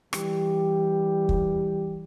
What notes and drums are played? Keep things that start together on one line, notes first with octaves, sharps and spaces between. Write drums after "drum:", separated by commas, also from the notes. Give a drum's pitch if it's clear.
E3 G3 G4, drum: rim click
drum: kick